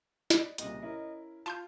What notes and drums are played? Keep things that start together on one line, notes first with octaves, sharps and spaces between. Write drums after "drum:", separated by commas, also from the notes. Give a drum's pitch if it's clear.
B4 D5 D#5, drum: snare
C2 A#2 C#3 D#5, drum: hi-hat
C#4 E4 A#4
F4 A5 C6 G6